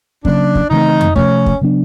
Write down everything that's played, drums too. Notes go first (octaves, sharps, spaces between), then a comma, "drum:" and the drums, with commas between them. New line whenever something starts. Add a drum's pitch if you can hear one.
C#3 F#3 A#3 C#4 D4, drum: kick
drum: kick
C#3 E3 A3 C4 D#4
drum: tom F2
C3 F3 A3 C#4, drum: kick
drum: kick
C#3 F#3 B3 D4